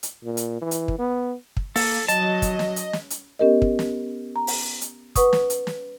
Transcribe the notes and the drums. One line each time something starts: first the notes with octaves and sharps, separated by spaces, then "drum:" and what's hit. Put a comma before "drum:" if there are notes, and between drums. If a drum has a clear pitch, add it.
drum: hi-hat
A#2
drum: hi-hat
E3
drum: hi-hat
drum: kick
B3
drum: kick
A#3 A4, drum: open hi-hat
F#3 D#5 A5, drum: hi-hat
drum: kick, hi-hat
drum: snare
drum: hi-hat
drum: snare
drum: hi-hat
B3 C#4 G4 A#4 D#5
drum: kick
drum: snare
A#5
drum: open hi-hat
drum: hi-hat
B4 F#5 C#6 D#6, drum: kick, hi-hat
drum: snare
drum: hi-hat
drum: snare